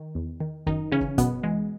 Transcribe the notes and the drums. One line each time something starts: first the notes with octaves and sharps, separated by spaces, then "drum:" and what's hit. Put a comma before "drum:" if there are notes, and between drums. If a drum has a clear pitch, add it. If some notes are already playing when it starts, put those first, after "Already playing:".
Already playing: D#3
E2
D#3
F#2 D#3 D#4, drum: kick
C#3 E3 C#4
drum: kick
F#2 B2 B3, drum: kick, hi-hat
E3 G#3